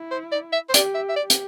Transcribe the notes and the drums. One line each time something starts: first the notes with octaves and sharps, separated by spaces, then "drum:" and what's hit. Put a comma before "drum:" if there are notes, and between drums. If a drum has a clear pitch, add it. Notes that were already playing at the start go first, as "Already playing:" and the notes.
Already playing: E4
C5
D5
E5
C5
G4 D5, drum: hi-hat
E5
E5
G4 D5
drum: hi-hat